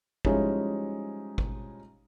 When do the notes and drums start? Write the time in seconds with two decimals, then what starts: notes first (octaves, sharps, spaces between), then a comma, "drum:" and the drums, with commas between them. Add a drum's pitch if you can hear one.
0.25 F3 G3 G#3 C#4 D#4 E4, drum: kick G#1
1.38 drum: kick G#1